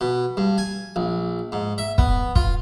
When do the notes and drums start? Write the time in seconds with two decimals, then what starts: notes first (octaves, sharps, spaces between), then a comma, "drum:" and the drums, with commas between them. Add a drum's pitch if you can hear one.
0.01 B2
0.37 G2
0.58 G#5
0.96 A#1
1.52 G#2
1.78 E5
1.98 B3, drum: kick
2.36 F4, drum: kick